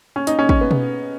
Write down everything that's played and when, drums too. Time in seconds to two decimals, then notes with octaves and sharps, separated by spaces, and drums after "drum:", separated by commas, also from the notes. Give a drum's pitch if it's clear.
0.16 C#4
0.27 D#4, drum: hi-hat
0.39 C#4
0.49 C#4, drum: kick
0.61 B3
0.71 drum: tom B2